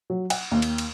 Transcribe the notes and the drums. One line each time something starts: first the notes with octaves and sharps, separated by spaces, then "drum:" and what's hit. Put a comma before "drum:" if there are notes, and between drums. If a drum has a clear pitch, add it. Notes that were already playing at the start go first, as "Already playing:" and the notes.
F#3
F#5, drum: cymbal
D#2
drum: cymbal
drum: cymbal